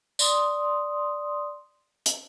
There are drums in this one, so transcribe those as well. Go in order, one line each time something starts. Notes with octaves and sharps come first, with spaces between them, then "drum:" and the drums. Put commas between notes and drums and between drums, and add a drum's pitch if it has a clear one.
D5 C6 D#6, drum: tambourine
drum: hi-hat